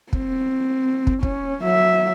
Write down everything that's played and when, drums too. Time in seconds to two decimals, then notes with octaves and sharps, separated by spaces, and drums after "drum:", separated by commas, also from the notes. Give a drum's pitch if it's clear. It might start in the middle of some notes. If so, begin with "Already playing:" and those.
0.13 C4, drum: kick
1.07 drum: kick
1.23 C#4, drum: kick
1.64 F#3 E5